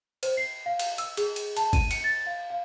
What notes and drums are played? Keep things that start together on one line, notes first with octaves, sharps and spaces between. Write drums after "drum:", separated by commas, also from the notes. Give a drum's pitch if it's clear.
C5, drum: cymbal
C7
F5
drum: cymbal
E6, drum: cymbal
G#4, drum: cymbal
drum: cymbal
A5, drum: cymbal
D#7, drum: kick G#1, cymbal
C#7, drum: cymbal
A6
F5
F5